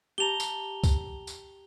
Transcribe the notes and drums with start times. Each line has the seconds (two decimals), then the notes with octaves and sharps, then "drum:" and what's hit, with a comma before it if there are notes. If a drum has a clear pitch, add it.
0.18 G4 A5 A#5 F7 G7
0.40 drum: tambourine
0.84 drum: kick, tambourine
1.27 drum: tambourine